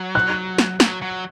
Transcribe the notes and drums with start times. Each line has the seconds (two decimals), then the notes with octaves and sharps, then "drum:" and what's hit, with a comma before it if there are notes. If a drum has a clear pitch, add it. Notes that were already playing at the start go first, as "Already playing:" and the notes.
Already playing: F#3
0.15 F#6
0.58 drum: snare
0.80 F#3, drum: snare
1.02 F#3